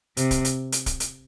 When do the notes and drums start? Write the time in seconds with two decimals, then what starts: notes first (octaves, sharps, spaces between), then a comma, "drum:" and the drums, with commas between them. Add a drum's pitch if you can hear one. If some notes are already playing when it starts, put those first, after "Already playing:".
0.17 C3, drum: hi-hat
0.31 drum: kick, hi-hat
0.45 drum: hi-hat
0.72 drum: hi-hat
0.86 drum: kick, hi-hat
1.00 drum: hi-hat